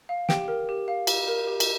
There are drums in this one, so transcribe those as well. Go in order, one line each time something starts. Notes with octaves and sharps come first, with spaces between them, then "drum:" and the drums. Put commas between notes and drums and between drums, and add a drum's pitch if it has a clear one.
F5
G4 G5, drum: snare
A#4
G4
F5
G4, drum: cymbal
A#4
G4
drum: cymbal